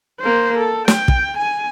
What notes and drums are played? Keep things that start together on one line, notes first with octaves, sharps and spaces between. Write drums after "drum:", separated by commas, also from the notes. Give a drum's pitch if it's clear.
A#3 C5
A4
G5, drum: snare
drum: kick
G#5